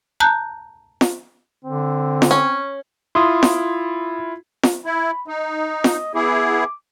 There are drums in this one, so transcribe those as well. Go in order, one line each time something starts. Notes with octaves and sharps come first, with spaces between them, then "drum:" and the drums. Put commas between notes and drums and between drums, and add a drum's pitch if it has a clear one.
A5 A#5 F#6 G6
drum: snare
D3 C4
drum: snare
C#4
E4 F4 C6 D#6
drum: snare
drum: snare
E4 B5
D#4 D#5
drum: snare
B3 E4 G#4 D6